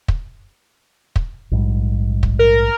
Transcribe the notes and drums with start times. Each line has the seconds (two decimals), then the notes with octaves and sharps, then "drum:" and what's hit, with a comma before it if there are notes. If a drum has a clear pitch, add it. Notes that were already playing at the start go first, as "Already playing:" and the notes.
0.08 drum: kick
1.16 drum: kick
1.51 A#1 G#2 G3
2.23 drum: kick
2.39 A#4